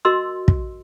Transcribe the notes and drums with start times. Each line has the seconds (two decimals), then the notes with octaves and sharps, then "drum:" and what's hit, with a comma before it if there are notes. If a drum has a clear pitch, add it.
0.05 F#4 A#4 D#5 C6 E6
0.48 drum: kick